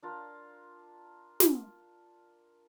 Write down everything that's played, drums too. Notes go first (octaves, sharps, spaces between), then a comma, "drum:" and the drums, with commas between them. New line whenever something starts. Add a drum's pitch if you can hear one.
D4 F4 A#4
drum: snare